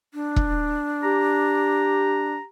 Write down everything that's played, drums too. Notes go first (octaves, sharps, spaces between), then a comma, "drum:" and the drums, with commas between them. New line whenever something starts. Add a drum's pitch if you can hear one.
D4
drum: kick E1
G4 A#5